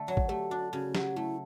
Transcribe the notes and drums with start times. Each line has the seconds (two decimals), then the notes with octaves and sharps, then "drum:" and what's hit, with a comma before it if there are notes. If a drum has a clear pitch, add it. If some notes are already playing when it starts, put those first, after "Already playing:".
Already playing: D3 A3
0.08 F#3 C#5
0.17 drum: kick
0.29 A3 G4
0.51 D4 F#4
0.72 C#3 F#4
0.95 F#3 G4, drum: snare
1.16 A3 E4